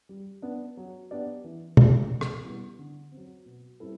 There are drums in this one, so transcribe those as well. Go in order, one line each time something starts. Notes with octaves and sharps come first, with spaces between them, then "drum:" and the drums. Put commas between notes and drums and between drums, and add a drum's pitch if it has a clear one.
G3
B3 D4
F#3
B3 D4 G4 D5
E3
A3 E4 G4, drum: tom
B2
drum: rim click
G3 B3 E4
D3
C4
F#3
B2
G3 C4 E4 A4